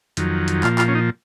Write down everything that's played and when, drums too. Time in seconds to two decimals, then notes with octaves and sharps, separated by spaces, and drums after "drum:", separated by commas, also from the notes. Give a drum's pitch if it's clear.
0.17 F2 D#3 F#3, drum: hi-hat
0.48 drum: hi-hat
0.63 A#2 F3 F4, drum: clap
0.79 F4, drum: clap
0.88 C#4
0.95 D#4